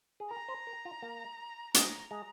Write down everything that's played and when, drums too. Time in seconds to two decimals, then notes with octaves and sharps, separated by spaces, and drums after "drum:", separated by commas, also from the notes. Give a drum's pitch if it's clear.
0.20 G#4
0.31 A#4 A#5
0.48 C5
0.67 A#4
0.85 F4
1.02 A#3
1.74 G#3 A#5, drum: hi-hat
2.11 G#3